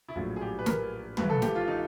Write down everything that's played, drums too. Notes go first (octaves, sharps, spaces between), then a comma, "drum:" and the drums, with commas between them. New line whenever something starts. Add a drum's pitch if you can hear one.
E4
A#1 A2 F#3 F4
G#4
G4
B4
A#4, drum: snare
G#1 G#2 E3 B4, drum: tom
A4
G4, drum: snare
F4
D#4